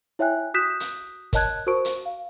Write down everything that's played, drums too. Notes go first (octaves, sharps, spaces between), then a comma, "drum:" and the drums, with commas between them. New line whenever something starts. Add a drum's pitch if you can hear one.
E4 C#5 E5 G5 G#5 F#6
F#4 D#6 F#6 G6 B6 E7
drum: hi-hat
A#4 C#5 D#5 A5 F#6 G#6, drum: kick, hi-hat
F#4 A#4 C5 A5 C#6 D7
drum: hi-hat
F5